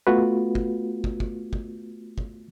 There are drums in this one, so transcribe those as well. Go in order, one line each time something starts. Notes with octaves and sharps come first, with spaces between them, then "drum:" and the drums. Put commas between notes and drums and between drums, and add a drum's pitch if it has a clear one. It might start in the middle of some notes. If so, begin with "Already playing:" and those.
A3 B3 F4 F#4 B4
drum: kick
drum: kick
drum: kick
drum: kick
drum: kick